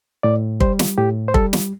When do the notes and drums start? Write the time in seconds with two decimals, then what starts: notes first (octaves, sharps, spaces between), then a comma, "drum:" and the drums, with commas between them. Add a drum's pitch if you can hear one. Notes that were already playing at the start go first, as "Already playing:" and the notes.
0.23 A2 D5
0.60 G3 C5, drum: kick
0.79 drum: snare
0.98 A2 G4
1.28 C5
1.34 G3 A4, drum: kick
1.53 drum: snare